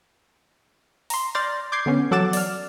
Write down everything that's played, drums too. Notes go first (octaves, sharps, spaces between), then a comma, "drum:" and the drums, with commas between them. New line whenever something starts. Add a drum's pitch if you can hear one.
A#5 C6, drum: open hi-hat
D5 C6 F6 G6 A6 A#6
D6 G6 G#6 C7
D3 B3 C#4
F#3 A4 F#5 D6 A6 E7, drum: tom E3
D5 F6, drum: open hi-hat